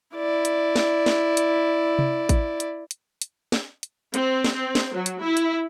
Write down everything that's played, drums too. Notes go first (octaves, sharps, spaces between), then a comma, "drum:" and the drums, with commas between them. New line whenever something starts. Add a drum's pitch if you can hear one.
E4 D5
drum: hi-hat
drum: snare
drum: snare
drum: hi-hat
drum: tom C3
drum: kick A1, hi-hat
drum: hi-hat
drum: hi-hat
drum: hi-hat
drum: snare
drum: hi-hat
C4, drum: hi-hat
drum: snare
C4
drum: snare
F#3
drum: hi-hat
E4
drum: hi-hat